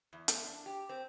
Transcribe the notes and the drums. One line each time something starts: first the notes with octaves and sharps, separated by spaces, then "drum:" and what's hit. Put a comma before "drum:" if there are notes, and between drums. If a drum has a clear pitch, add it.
E2
drum: hi-hat
D4
G4
C4